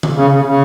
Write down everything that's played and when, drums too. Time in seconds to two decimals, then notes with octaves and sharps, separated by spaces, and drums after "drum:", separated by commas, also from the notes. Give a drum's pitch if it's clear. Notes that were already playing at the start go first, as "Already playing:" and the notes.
0.03 drum: tom D3
0.15 C#3
0.31 C#3
0.45 C#3